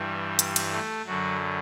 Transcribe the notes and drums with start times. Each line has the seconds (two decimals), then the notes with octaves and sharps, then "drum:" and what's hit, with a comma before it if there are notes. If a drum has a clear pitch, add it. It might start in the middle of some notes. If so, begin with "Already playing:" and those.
Already playing: G2 E3 G3
0.39 drum: hi-hat
0.56 drum: cymbal
0.72 A3
1.06 F#2 D3 F#3